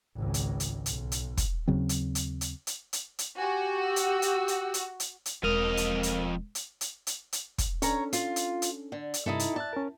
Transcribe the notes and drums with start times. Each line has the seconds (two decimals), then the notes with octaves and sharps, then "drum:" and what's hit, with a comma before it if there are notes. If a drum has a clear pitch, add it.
0.16 G#1 C#2
0.34 drum: hi-hat
0.60 drum: hi-hat
0.86 B1, drum: hi-hat
1.12 drum: hi-hat
1.37 drum: kick, hi-hat
1.68 D#2 C#3 F#3 C4
1.89 drum: hi-hat
2.15 drum: hi-hat
2.41 drum: hi-hat
2.67 drum: hi-hat
2.93 drum: hi-hat
3.19 drum: hi-hat
3.38 F#4 G4 G#5
3.86 F#5 E6
3.96 drum: hi-hat
4.22 drum: hi-hat
4.48 drum: hi-hat
4.74 drum: hi-hat
5.00 drum: hi-hat
5.26 drum: hi-hat
5.43 E1 F2 G#3 A#4 D#5 F6 F7
5.77 drum: hi-hat
6.03 drum: hi-hat
6.55 drum: hi-hat
6.81 drum: hi-hat
7.07 drum: hi-hat
7.33 drum: hi-hat
7.58 drum: kick, hi-hat
7.82 C#4 D4 A4 C#5 A#5, drum: hi-hat
8.13 F4, drum: hi-hat
8.36 drum: hi-hat
8.62 drum: hi-hat
8.92 D3
9.14 drum: hi-hat
9.26 G2 C3 D#4 E4 A4
9.39 drum: hi-hat
9.56 D5 E5 A5 F#6
9.73 C#4 A#4